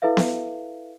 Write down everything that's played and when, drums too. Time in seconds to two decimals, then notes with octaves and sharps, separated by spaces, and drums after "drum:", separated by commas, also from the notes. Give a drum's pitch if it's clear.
0.02 E4 A4 B4 E5 F5
0.17 drum: snare B3